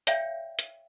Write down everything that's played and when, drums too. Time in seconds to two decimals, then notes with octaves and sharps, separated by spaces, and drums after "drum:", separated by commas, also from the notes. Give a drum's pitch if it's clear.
0.07 C#5 D5 E5 F5 G5, drum: hi-hat
0.59 drum: hi-hat